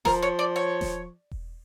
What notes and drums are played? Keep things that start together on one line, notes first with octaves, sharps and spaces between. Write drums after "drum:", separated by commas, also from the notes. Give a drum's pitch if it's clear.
F3 A#4, drum: snare D#1
C#5
D5
C#5
drum: snare D#1
drum: kick E1